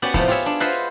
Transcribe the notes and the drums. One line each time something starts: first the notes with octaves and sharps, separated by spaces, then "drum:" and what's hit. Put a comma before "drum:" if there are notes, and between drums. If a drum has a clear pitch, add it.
B3 C#4 F#4 G4 D5 F#5
A2 C3 F3 B3, drum: kick
F4 G4 G#4 C#5 E5
D4
F4 B4 C5 D#5 E5 F#5
drum: hi-hat